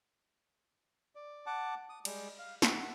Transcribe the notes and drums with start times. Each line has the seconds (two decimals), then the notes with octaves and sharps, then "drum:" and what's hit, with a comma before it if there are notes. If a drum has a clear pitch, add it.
1.15 D5
1.46 F#5 A5 D6
1.89 D#6
2.05 G3 G#3 D5, drum: cymbal
2.39 F5
2.62 E5 F#5, drum: snare